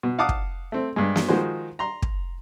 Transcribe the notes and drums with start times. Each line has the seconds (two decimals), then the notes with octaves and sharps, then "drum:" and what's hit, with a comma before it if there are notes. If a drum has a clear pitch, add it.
0.03 B2
0.19 F5 F#5 A5 D6 D#6
0.29 drum: kick
0.72 A3 C4
0.96 G2 G#3
1.16 drum: snare
1.28 D#3 F3 G#3 F#4 C5
1.79 A#5 C6
2.02 drum: kick